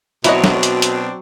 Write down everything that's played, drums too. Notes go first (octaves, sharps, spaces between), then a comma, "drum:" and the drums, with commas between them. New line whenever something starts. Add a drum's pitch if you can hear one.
B2 F#3 C4 D4 E4 F#4 D#5, drum: hi-hat
drum: snare
drum: hi-hat
drum: hi-hat